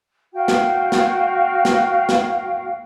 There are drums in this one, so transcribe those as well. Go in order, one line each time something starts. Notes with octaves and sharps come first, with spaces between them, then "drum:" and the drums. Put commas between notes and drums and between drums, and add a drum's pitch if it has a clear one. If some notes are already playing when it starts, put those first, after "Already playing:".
F#4 F5 G5
drum: snare
drum: snare
drum: snare
drum: snare